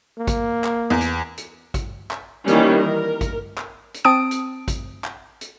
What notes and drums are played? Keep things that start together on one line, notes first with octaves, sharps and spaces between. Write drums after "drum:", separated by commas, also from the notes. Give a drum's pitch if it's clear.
A#3
drum: kick, hi-hat
drum: clap
E2
drum: hi-hat
drum: hi-hat
drum: kick, hi-hat
drum: clap
D#3 E3 G3 A#3 C#4, drum: hi-hat
A#4
drum: kick, hi-hat
drum: clap
drum: hi-hat
C4 A5 D#6 D7
drum: hi-hat
drum: kick, hi-hat
drum: clap
drum: hi-hat